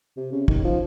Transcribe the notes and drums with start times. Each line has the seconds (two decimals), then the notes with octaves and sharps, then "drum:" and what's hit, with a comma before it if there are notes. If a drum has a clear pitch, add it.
0.17 C3
0.32 C#3
0.48 D#3, drum: kick
0.64 F3